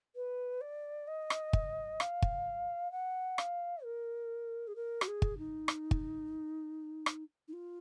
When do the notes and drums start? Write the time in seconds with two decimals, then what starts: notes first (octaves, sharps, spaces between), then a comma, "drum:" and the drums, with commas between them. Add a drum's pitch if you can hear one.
0.15 B4
0.61 D5
1.07 D#5
1.30 drum: rim click
1.53 drum: kick
2.00 F5, drum: rim click
2.22 drum: kick
2.91 F#5
3.38 F5, drum: rim click
3.83 A#4
4.67 G#4
4.75 A#4
5.01 F#4, drum: rim click
5.07 G#4
5.22 drum: kick
5.37 D#4
5.68 drum: rim click
5.91 drum: kick
7.06 drum: rim click
7.47 D#4
7.53 F4